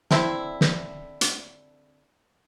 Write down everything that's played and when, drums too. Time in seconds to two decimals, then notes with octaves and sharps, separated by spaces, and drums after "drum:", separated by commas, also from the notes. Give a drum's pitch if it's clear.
0.11 D3 C4 E4, drum: snare
0.61 drum: snare
1.21 drum: hi-hat